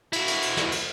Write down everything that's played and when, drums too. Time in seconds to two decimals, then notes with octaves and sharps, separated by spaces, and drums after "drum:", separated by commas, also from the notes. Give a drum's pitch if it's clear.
0.13 E4 F#4, drum: cymbal
0.28 drum: cymbal
0.42 drum: cymbal
0.57 drum: snare
0.72 drum: cymbal